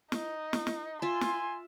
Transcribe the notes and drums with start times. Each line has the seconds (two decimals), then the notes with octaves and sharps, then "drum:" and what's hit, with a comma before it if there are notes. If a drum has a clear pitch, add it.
0.12 D#4, drum: snare
0.53 drum: snare
0.67 drum: snare
1.02 F4 E5 G#5 C6
1.21 drum: snare